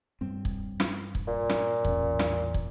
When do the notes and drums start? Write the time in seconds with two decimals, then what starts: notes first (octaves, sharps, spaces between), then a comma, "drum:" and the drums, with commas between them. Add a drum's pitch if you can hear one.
0.21 G2 G3 C4
0.45 drum: kick
0.80 drum: snare
1.15 drum: kick
1.28 A#2
1.50 drum: snare
1.85 A1 E2 C#4, drum: kick
2.19 drum: snare
2.54 drum: kick